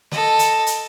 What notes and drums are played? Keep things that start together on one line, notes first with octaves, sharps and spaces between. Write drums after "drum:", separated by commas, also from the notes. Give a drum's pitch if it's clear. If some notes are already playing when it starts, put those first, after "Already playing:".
A4 D#5, drum: snare
drum: hi-hat
drum: hi-hat